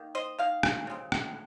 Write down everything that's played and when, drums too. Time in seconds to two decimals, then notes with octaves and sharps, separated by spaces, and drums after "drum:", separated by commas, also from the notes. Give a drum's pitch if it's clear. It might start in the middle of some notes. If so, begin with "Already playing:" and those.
Already playing: D#3 A#3
0.15 C5 D#5
0.38 D#3 A#3 F5
0.63 drum: rim click
0.87 C#3 G#3 C4
1.12 drum: rim click